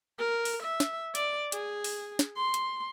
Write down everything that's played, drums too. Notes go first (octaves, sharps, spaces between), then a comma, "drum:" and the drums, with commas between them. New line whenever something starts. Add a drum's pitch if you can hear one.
A#4
drum: open hi-hat
E5
drum: snare
D5, drum: hi-hat
G#4, drum: hi-hat
drum: open hi-hat
drum: snare
C6
drum: hi-hat